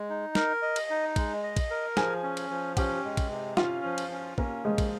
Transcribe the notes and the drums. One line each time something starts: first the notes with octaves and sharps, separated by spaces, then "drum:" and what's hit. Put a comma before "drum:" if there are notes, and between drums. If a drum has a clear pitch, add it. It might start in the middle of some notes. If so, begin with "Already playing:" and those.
Already playing: G#3
D#4
A#4, drum: snare
D#5
drum: cymbal
D#4
G#3, drum: kick, cymbal
D#5
drum: kick, cymbal
A#4
F3 G#4 G#5, drum: snare
C#4
drum: cymbal
F3
C#4 G4 G5, drum: kick, cymbal
G#3
drum: kick, cymbal
C3
C#4 F4 F5, drum: snare
F3
drum: cymbal
C#4
A#3 C#4 A#4, drum: kick
F3 G#3 G#4
drum: kick, cymbal